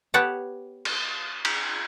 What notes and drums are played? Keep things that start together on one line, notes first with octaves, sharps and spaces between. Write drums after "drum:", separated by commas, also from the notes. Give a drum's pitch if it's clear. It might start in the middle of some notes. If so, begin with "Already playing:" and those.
B3 G4 C#5 F#5 A5
drum: cymbal
drum: cymbal